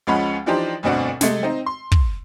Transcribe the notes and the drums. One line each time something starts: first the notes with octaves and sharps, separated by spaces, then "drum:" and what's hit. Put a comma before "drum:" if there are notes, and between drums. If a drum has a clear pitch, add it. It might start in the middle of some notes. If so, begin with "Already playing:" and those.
C#2 F3 G#3 C#4 F#5 B5
E3 F3 D4 D#4 G4 C5
G1 D2 B2 C4 D4 F#5
C3 G#3 A3, drum: snare
C4 D#4
C6
drum: kick